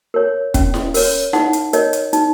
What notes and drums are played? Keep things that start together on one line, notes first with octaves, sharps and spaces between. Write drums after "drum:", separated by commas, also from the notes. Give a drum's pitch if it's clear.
A#4 C#5
C#4, drum: kick, hi-hat
drum: snare E4
A#4 C#5, drum: open hi-hat
D#4 F#5, drum: snare E4
drum: hi-hat
A#4 C#5 D#5, drum: hi-hat
drum: hi-hat
D#4, drum: hi-hat